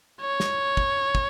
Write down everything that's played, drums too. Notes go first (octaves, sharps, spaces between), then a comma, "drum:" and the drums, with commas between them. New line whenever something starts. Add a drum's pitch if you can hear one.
C#5
drum: snare
drum: kick
drum: kick